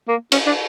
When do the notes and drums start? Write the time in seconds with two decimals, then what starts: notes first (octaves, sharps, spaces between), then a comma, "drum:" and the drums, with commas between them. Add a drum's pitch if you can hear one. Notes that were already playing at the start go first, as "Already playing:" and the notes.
0.08 A#3
0.32 C#4, drum: cymbal
0.46 D4